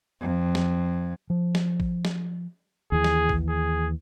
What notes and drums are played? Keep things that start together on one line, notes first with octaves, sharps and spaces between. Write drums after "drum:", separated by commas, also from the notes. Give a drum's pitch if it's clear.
F2
drum: snare
F3
drum: snare
drum: kick
drum: snare
D#2 E3 G#4
drum: snare
drum: kick
G#4